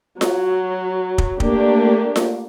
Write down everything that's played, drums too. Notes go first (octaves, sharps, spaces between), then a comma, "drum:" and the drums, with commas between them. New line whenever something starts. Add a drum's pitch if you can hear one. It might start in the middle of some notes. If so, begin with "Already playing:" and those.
F#3, drum: snare F4
drum: kick
A3 A#3 D4 G4, drum: kick
drum: snare F4